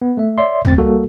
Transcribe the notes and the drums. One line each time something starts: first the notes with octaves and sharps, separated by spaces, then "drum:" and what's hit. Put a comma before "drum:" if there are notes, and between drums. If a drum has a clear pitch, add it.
B3
A3 E5
C#5 D5 E5 C6
G1 D2 C4 A6, drum: tom
G3 A#3 F#4 A4